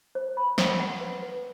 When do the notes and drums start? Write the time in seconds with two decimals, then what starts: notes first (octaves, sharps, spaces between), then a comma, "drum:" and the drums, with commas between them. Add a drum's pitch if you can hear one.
0.15 C5
0.37 B5
0.58 C5, drum: snare
0.80 F#5
1.01 B4
1.22 B4